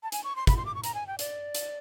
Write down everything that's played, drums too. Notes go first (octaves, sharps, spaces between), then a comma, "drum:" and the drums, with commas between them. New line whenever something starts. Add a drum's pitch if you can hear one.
A5
G#5, drum: hi-hat
C#6
C6
B5, drum: kick, hi-hat
C6
D6
C#6
A#5, drum: hi-hat
G#5
G5
D5, drum: hi-hat
drum: hi-hat